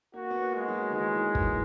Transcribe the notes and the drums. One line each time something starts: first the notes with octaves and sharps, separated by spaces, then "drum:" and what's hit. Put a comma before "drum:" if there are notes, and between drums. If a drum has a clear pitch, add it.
A#3 F#4
B3
A#3
G#3
F#3
D#3
E3 G#3
E3
E3, drum: kick